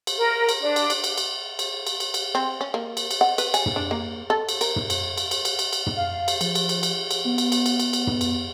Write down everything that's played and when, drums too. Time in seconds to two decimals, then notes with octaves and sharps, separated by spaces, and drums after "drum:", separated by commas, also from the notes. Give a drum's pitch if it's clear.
0.07 drum: cymbal
0.17 A#4
0.49 drum: cymbal
0.61 D4
0.76 drum: cymbal
0.90 drum: cymbal
1.04 drum: cymbal
1.18 drum: cymbal
1.59 drum: cymbal
1.87 drum: cymbal
2.00 drum: cymbal
2.14 drum: cymbal
2.35 C4
2.61 C#4
2.74 A#3
2.97 drum: cymbal
3.11 drum: cymbal
3.21 F#5
3.38 B4, drum: cymbal
3.54 G#5, drum: cymbal
3.66 drum: tom
3.76 D4
3.91 A#3
4.30 A4
4.49 drum: cymbal
4.61 A#4, drum: cymbal
4.76 drum: tom
4.90 drum: cymbal
5.18 drum: cymbal
5.31 drum: cymbal
5.45 drum: cymbal
5.59 drum: cymbal
5.73 drum: cymbal
5.86 drum: tom
5.97 F5
6.28 drum: cymbal
6.41 F3, drum: cymbal
6.55 drum: cymbal
6.69 drum: cymbal
6.83 drum: cymbal
7.11 drum: cymbal
7.25 B3
7.38 drum: cymbal
7.52 drum: cymbal
7.66 drum: cymbal
7.80 drum: cymbal
7.93 drum: cymbal
8.07 drum: tom
8.21 drum: cymbal